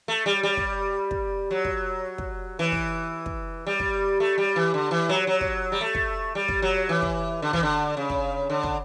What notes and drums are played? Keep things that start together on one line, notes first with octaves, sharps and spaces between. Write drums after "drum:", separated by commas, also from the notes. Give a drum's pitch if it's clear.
A3
G3
G3
drum: kick
drum: kick
F#3
drum: kick
drum: kick
E3
drum: kick
drum: kick
G3
drum: kick
A3
G3
E3
D3
E3
F#3
F#3
drum: kick
G3
A3
drum: kick
G3
drum: kick
F#3
E3
drum: kick
D3
E3, drum: kick
D3
C#3
drum: kick
D3
drum: kick